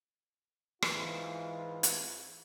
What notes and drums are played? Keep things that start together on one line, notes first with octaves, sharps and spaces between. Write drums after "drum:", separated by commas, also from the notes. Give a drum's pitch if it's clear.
G#2 E3 F4, drum: rim click
drum: hi-hat